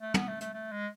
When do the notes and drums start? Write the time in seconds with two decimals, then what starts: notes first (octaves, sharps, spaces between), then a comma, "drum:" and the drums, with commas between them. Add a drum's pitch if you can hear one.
0.01 A3
0.14 B3, drum: tom
0.28 A3
0.41 A3, drum: hi-hat
0.54 A3
0.72 G#3